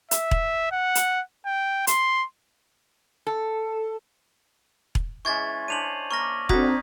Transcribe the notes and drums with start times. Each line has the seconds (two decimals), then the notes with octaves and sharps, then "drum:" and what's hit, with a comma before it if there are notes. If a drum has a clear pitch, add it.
0.11 E5, drum: hi-hat
0.31 drum: kick E1
0.72 F#5
0.95 drum: hi-hat
1.46 G5
1.87 C6, drum: hi-hat
3.27 A4
4.95 drum: kick E1
5.25 E3 G#3 C#4 C#6 G#6 A6
5.68 C#4 D4 C5 D#7 F7 F#7
6.11 A#3 C#6 F6 A#6
6.49 C4 D4 D#4 F#4 A4 D#6 G#6 B6, drum: kick E1